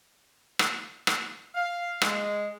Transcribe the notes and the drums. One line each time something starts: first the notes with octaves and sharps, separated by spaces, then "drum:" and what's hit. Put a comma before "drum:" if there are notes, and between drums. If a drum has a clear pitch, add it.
drum: rim click
drum: rim click
F5
G#3, drum: rim click